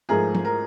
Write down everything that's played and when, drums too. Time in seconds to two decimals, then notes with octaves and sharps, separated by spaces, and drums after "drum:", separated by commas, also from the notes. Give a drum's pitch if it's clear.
0.09 G#2 F3 A3 G#4 A#4
0.35 drum: tom
0.45 A#4